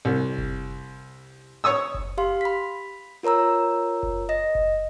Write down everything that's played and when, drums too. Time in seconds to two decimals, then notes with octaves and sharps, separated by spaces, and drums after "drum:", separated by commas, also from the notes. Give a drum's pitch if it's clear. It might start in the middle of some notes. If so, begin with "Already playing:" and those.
0.05 C2
0.38 drum: kick F#1
1.64 C#5 C#6 D#6 E6
1.94 drum: kick F#1
2.18 G4 F5 C6
2.41 B5 B6
3.23 F4 A#4 C#5 A#5 E6
4.03 drum: kick F#1
4.29 D#5 A#6
4.55 drum: kick F#1